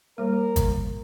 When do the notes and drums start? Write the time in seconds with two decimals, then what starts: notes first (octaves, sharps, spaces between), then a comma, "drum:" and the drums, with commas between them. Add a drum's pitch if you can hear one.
0.18 G3 A#3 A#4
0.56 drum: kick G1, hi-hat